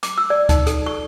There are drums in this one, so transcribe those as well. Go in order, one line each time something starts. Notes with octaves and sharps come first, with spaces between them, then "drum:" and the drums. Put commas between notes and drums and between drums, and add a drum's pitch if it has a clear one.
D6, drum: hi-hat
E6
D5
D#4, drum: kick D2, hi-hat
A4, drum: hi-hat
C#6